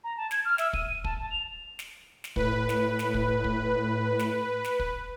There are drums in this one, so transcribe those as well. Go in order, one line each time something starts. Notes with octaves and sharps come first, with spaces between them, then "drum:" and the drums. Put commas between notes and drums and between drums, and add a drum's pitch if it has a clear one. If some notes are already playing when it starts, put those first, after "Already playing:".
A#5
A5
G#6, drum: snare
F6
E5, drum: snare
D#7, drum: kick
D#7
A5, drum: kick
A5
F7
drum: snare
drum: snare
A2 B4, drum: kick
drum: snare
drum: snare
drum: kick
drum: kick
drum: snare
drum: snare
drum: kick